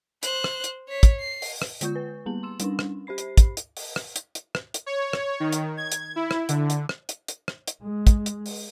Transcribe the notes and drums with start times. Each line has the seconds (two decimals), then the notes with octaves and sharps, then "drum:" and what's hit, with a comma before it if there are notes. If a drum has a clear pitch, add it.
0.23 C5 F#6, drum: hi-hat
0.44 drum: rim click
0.64 drum: hi-hat
0.89 C#5 B6
1.03 drum: kick, hi-hat
1.19 C7
1.42 drum: open hi-hat
1.62 drum: rim click
1.81 D3 G#3 F4 C#6 G6, drum: hi-hat
1.96 B4
2.26 G3 A#3 B3 F#7
2.43 C6 E6 E7
2.60 G3 C#4 D4, drum: hi-hat
2.79 drum: rim click
3.07 G4 C5 B5 C7
3.18 drum: hi-hat
3.37 drum: kick, hi-hat
3.57 drum: hi-hat
3.77 drum: open hi-hat
3.96 drum: rim click
4.16 drum: hi-hat
4.35 drum: hi-hat
4.55 drum: rim click
4.74 drum: hi-hat
4.86 C#5
5.13 drum: rim click
5.40 D#3
5.53 drum: hi-hat
5.77 G#6
5.92 drum: hi-hat
6.16 E4
6.31 drum: rim click
6.49 D3, drum: hi-hat
6.70 drum: hi-hat
6.89 drum: rim click
7.09 drum: hi-hat
7.28 drum: hi-hat
7.48 drum: rim click
7.68 drum: hi-hat
7.84 G#3
8.07 drum: kick, hi-hat
8.26 drum: hi-hat
8.46 drum: open hi-hat